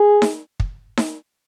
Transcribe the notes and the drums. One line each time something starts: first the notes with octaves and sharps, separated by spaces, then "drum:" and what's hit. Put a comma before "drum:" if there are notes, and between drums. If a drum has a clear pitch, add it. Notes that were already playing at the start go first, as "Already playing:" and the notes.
Already playing: G#4
drum: snare D#4
drum: kick
drum: snare D#4